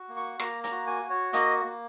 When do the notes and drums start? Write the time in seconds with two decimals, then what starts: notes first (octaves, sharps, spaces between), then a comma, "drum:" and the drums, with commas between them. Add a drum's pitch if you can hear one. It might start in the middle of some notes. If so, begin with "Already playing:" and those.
Already playing: F#4
0.09 A#3
0.16 C#6
0.39 A#3 A#5, drum: rim click
0.64 A#5, drum: hi-hat
0.72 F#4
0.87 G#5
1.02 F#4
1.10 C#5
1.33 A#3 D#5, drum: hi-hat
1.65 A#3